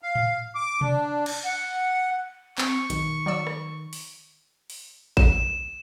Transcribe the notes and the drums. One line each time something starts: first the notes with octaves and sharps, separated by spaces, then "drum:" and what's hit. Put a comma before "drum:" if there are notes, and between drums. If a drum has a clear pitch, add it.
F5
drum: tom A2
D6
D4, drum: tom B2
drum: cymbal
F#5
C4 C#6, drum: clap
B1 D#3, drum: hi-hat
F#3 D5 E6
drum: rim click
drum: open hi-hat
drum: open hi-hat
E7, drum: kick A1